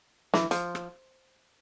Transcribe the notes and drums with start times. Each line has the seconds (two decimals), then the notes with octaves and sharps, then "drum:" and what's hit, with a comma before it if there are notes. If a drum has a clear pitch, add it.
0.34 E3, drum: snare
0.51 F3, drum: hi-hat
0.75 drum: rim click